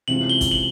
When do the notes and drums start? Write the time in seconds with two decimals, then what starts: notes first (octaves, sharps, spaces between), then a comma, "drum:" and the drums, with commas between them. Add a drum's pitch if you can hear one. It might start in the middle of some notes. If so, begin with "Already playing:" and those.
0.08 C3 E3 G#3 C#4 F4 F#7
0.29 G7
0.41 drum: kick, hi-hat
0.51 F#7